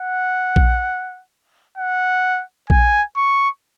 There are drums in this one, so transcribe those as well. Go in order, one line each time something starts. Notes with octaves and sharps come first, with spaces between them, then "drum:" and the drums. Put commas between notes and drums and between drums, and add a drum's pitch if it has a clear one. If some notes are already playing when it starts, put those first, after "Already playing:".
Already playing: F#5
drum: kick A#1
F#5
G#5, drum: kick A#1
C#6